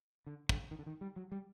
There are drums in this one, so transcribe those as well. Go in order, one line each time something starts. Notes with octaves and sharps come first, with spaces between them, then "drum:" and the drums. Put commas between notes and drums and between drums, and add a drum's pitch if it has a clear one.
D3
D3, drum: kick
D#3
D3
D#3
G3
F#3
G3